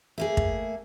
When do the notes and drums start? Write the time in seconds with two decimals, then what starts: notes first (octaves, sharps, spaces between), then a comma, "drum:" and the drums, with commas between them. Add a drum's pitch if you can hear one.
0.18 A3 A#3 G#4
0.37 drum: kick